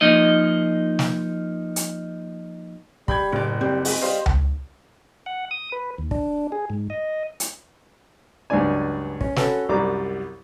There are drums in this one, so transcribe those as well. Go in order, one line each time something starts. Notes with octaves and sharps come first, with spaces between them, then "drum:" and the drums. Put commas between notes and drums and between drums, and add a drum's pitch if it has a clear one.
F3 A#3 D#4 D#5
drum: snare
drum: hi-hat
G3 B5 G6 G#6, drum: kick
F#1 A2 D5
G3 C4
G#3, drum: open hi-hat
G3 C5 D#5 F5
drum: tom C#2
F#5
D#6
B4
D#2
D4, drum: kick
G#4
G#2
D#5
drum: hi-hat
C#2 G2 F#3 D4 D5 G#5
C#4, drum: kick
C#4 F#4 A4 B4, drum: snare
C2 F#2 G3 D5 A#5 D6